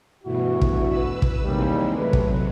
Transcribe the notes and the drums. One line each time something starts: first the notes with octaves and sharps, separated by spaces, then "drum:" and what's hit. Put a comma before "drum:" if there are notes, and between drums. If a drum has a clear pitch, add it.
D2 G2 B2 E3 E4 F#4
drum: kick
B4 E6
drum: kick
D#2 C3 E3 G3 G#3
C3 F#3 A3 B4
drum: kick